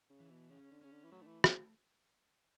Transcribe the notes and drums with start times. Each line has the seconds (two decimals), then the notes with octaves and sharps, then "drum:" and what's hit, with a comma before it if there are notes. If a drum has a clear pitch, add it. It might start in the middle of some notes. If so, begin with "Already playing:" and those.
0.10 C#3
0.20 E3
0.31 B2
0.50 C#3 C#4
0.72 D3
0.81 C#3 C#4
0.91 D3
1.04 E3
1.12 F#3 A3
1.22 D3
1.27 E3
1.44 drum: rim click